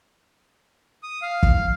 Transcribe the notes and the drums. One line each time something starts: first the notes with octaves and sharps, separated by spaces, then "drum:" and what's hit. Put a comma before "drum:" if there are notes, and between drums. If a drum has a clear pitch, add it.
D#6
F5
drum: kick